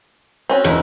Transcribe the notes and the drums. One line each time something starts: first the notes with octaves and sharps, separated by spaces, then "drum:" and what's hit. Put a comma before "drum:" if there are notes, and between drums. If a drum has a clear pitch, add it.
C4 C#4 F#4
E1 E4, drum: hi-hat